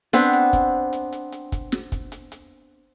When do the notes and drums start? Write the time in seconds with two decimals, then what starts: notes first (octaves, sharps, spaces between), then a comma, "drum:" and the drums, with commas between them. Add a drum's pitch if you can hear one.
0.13 B3 C4 D4
0.33 drum: hi-hat
0.53 drum: kick, hi-hat
0.93 drum: hi-hat
1.13 drum: hi-hat
1.32 drum: hi-hat
1.52 drum: kick, hi-hat
1.72 drum: snare
1.92 drum: kick, hi-hat
2.12 drum: hi-hat
2.32 drum: hi-hat